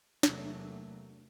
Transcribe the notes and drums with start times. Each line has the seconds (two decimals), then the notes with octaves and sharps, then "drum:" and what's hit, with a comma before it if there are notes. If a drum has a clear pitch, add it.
0.23 E2 C3 F#3 A3 A#3, drum: snare